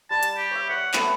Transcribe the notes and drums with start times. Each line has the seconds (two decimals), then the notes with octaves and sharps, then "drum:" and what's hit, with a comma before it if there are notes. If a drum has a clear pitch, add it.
0.10 G3 A5
0.23 drum: hi-hat
0.37 G4
0.51 C#5 E5
0.69 C#5 F#5
0.93 A3 B3, drum: clap